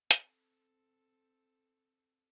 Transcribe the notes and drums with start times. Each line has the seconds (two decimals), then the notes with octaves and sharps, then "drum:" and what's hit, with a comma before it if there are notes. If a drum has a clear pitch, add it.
0.11 C4 A4, drum: hi-hat